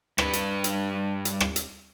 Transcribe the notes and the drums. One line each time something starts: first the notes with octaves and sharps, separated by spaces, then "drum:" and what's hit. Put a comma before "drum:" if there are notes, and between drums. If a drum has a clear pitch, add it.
G2 B4, drum: rim click
drum: hi-hat
drum: hi-hat
drum: hi-hat
drum: rim click
drum: hi-hat